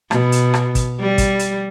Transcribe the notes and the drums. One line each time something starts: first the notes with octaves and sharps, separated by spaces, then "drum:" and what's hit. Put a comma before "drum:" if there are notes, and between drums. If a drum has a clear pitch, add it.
B2, drum: rim click
drum: hi-hat
drum: rim click
drum: kick, hi-hat
G3
drum: kick, hi-hat
drum: hi-hat